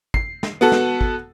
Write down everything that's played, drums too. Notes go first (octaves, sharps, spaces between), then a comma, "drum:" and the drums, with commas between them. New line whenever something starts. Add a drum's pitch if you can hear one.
C7, drum: kick
drum: snare
B3 F#4 A4
drum: snare
drum: kick